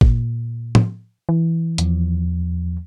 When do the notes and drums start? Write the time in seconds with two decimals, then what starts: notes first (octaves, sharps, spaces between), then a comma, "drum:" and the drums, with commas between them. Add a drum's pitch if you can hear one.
0.01 A#2, drum: kick
0.75 drum: tom A2
1.29 E3
1.78 E2 F3, drum: hi-hat